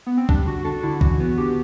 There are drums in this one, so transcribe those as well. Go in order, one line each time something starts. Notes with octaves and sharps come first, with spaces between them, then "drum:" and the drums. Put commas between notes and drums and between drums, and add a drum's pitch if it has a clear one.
B3
C4
G3 D4, drum: kick B1
D3 F#4
D4 A4
D3 E4
E3 F#4, drum: kick B1
B3
D3 G4